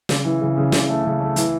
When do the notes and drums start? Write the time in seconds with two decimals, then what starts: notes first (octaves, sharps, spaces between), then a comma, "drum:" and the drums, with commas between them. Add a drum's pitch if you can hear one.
0.09 C#3, drum: snare
0.25 E3
0.41 C#3
0.57 C#3
0.72 C#3, drum: snare
0.89 A3
1.04 C#3
1.20 A3
1.36 E3, drum: hi-hat